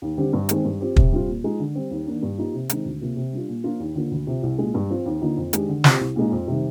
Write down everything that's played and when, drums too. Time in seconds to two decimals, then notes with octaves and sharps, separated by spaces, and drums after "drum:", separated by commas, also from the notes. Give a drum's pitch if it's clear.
0.02 D#2
0.17 D3 G3 C4 G4
0.33 G2
0.49 D#3 G#3 C4, drum: hi-hat
0.65 G2
0.80 F3 C4 G4
0.96 C3, drum: kick
1.12 G3 C4 F4
1.28 A#2
1.44 F3 G#3 D#4
1.60 D3
1.75 G3 C4
1.91 D#2
2.06 D#3 A#3 D4
2.23 G2
2.38 F3 A#3 D#4 G4
2.54 C3
2.70 D#3 G#3 C4 D#4, drum: hi-hat
2.85 D2
3.01 C3 F3 A#3
3.17 C3
3.33 G3 D4 F4
3.49 A#2
3.64 F3 A#3 D4 F4
3.80 D#2
3.95 D3 F3 A#3
4.11 D2
4.27 C3 F3
4.43 C2
4.58 A#2 G#3
4.74 G2
4.90 F3 C4 F4
5.06 D#2
5.21 D3 F3 A#3 D#4
5.37 F2
5.53 D#3 G#3 D4 G4, drum: hi-hat
5.69 D3
5.84 F3 C4 G4, drum: snare
6.00 C2
6.16 A#2 F3 G#3 D#4
6.32 F2
6.48 C3 D#3 G3